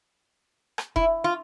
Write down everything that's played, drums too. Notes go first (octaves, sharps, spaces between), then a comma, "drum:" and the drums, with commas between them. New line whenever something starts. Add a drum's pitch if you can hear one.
drum: rim click
E4, drum: kick E1
F4